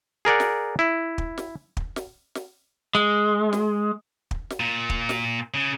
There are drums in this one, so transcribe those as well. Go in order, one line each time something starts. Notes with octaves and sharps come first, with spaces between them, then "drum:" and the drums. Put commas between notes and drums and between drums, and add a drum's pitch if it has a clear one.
G#4 A#4 D5 F#5
drum: snare
E4
drum: kick
drum: snare
drum: kick
drum: snare
drum: snare
G#3
drum: snare
drum: kick
drum: snare
A#2
drum: kick
drum: snare
C#3